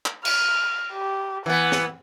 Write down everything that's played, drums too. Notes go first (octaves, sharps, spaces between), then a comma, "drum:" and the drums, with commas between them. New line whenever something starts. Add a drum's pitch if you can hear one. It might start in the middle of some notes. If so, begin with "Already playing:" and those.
drum: clap
F6, drum: cymbal
G4
E3 B3 F#5
drum: snare